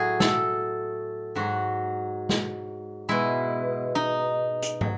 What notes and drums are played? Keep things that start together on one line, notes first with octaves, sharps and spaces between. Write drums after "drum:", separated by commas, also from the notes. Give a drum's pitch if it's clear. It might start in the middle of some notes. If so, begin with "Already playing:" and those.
Already playing: A2 F#3 F#4 G#4
A4, drum: snare
G#2 F#3 F#4
drum: snare
B2 G#3 E4
D#4
drum: hi-hat
F#3, drum: tom